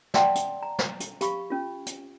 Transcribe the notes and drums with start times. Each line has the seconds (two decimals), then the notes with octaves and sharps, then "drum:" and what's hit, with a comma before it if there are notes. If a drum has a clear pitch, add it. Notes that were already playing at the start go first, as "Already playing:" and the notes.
0.14 D5 E5 F#5 G5 A5 C6, drum: snare
0.35 drum: hi-hat
0.62 A#5
0.79 drum: snare
1.00 drum: hi-hat
1.21 G4 F5 B5 C#6, drum: hi-hat
1.50 C#4 F4
1.86 drum: hi-hat